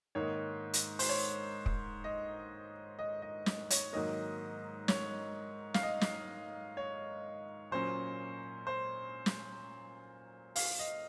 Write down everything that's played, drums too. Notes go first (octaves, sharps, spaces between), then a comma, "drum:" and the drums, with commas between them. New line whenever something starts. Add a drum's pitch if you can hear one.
G#2 D#3 A#3 D#4 C#5
drum: hi-hat
C5, drum: open hi-hat
C#5
drum: kick
D#5
D#5
D#5
D#5, drum: snare
C#5, drum: hi-hat
G#2 D#3 F#3 A#3 D#5
C#5, drum: snare
F5, drum: snare
D#5
drum: snare
C#5
A#2 F#3 C#4 C5
C5
drum: snare
F5, drum: open hi-hat
D#5